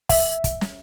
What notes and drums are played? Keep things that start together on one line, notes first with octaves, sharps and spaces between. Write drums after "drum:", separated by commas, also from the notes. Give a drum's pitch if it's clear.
E5, drum: kick, open hi-hat
drum: kick, hi-hat
drum: snare